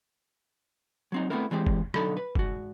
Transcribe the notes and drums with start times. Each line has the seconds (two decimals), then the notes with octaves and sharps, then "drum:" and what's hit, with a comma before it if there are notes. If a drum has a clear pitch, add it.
1.12 F#3 C4 D#4
1.30 A3 B3 C4 D4 E4 A#4
1.51 E3 G#3 C4 G4
1.67 drum: kick F#1
1.94 B1 D3 F#3 D#4 A4 B5, drum: rim click
2.17 B4
2.35 G#2 F#4, drum: kick F#1